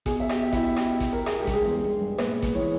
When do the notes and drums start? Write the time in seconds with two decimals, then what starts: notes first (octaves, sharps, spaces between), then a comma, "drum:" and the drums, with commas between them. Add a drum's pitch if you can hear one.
0.06 B2 G#4 G#5, drum: kick A1, hi-hat
0.20 E5
0.29 G4 G5, drum: rim click
0.53 E4 E5, drum: kick A1, hi-hat
0.76 G4, drum: rim click
1.00 drum: kick A1, hi-hat
1.13 A#4
1.26 G#4, drum: rim click
1.40 G#2 G4
1.47 G2, drum: kick A1, hi-hat
1.54 G#3 G#4
1.65 E2
1.83 G2
2.01 G2
2.18 A#2 B3 B4, drum: rim click
2.42 drum: kick A1, hi-hat
2.55 E3 C#5